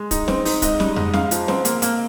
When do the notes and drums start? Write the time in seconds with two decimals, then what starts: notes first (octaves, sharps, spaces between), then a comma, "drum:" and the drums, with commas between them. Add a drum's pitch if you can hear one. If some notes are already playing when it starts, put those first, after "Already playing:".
Already playing: G#3
0.11 D#4, drum: kick, hi-hat
0.28 C4, drum: snare
0.45 D#4, drum: open hi-hat
0.62 G#2 D#5, drum: kick, hi-hat
0.80 G3, drum: snare
0.96 G#2, drum: tom F2
1.13 G#2 F5, drum: snare
1.31 F3, drum: hi-hat
1.48 C4, drum: snare
1.65 A#3, drum: hi-hat
1.82 A#3, drum: hi-hat